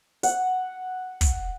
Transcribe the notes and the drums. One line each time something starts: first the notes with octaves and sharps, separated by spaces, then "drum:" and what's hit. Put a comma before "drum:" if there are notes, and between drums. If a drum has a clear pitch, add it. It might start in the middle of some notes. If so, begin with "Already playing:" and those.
F#5, drum: hi-hat
drum: kick, hi-hat